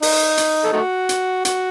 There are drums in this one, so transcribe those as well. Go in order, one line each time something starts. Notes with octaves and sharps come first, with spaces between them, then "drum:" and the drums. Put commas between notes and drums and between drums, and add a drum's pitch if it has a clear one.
D#4, drum: open hi-hat
drum: hi-hat
A4
A3 D#4 F#4
drum: hi-hat
F#4, drum: hi-hat